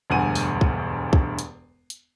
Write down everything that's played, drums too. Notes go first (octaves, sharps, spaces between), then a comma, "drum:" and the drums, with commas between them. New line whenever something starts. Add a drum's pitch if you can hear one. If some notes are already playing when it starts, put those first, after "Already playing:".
E1 D2 G2 F#5 G#5 D#7
drum: open hi-hat
drum: kick
drum: kick
drum: hi-hat
drum: hi-hat